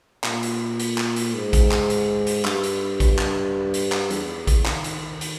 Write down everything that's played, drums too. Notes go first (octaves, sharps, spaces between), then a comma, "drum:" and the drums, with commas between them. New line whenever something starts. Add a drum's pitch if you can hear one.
A#2, drum: clap
drum: hi-hat
drum: hi-hat
drum: clap
drum: hi-hat
G#2
drum: kick A1, hi-hat
drum: clap
drum: hi-hat
drum: hi-hat
G2, drum: clap
drum: hi-hat
drum: kick A1, hi-hat
drum: clap
drum: hi-hat
drum: clap
E2, drum: hi-hat
drum: kick A1, hi-hat
D#3, drum: clap
drum: hi-hat
drum: hi-hat